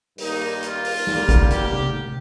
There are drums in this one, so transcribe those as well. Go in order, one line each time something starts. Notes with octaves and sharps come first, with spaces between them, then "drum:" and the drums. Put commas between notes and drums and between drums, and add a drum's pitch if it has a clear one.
G2 D#3 A#3 D#4, drum: open hi-hat
F4, drum: hi-hat
drum: open hi-hat
D3 G3 A#3, drum: snare
drum: kick, hi-hat
G4, drum: hi-hat
drum: tom